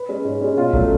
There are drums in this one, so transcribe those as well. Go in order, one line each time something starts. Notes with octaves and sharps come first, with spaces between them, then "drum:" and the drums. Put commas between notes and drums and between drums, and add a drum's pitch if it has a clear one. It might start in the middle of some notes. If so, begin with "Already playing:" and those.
Already playing: B4
G#3 C#4
G#2
G#3 C#4
B2 F4
F#3 A3 C#4, drum: kick G#1